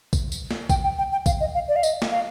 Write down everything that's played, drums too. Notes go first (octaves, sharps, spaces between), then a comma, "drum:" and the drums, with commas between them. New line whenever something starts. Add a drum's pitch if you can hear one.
drum: kick A#1, tambourine
drum: tambourine
drum: snare
G5, drum: kick A#1, tambourine
G5
G5
G5
F5, drum: kick A#1, tambourine
D#5
F5
D5
F5
D#5, drum: tambourine
drum: snare
F5